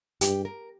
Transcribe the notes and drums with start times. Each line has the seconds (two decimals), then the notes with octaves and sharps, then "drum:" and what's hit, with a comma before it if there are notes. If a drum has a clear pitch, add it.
0.21 G2 G4, drum: hi-hat
0.45 A#4